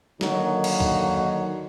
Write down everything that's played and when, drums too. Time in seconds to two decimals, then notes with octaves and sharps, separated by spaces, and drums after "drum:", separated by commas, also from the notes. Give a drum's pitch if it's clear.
0.21 D3 D#3 F#3 A#3 D#4, drum: snare
0.64 drum: cymbal
0.80 drum: kick C#2